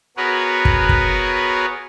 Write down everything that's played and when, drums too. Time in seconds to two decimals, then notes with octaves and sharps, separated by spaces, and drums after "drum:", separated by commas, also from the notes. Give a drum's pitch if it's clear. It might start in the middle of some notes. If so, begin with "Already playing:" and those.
0.17 B3 F#4 G#4 A#4 B4 C#5
0.65 drum: kick
0.89 drum: kick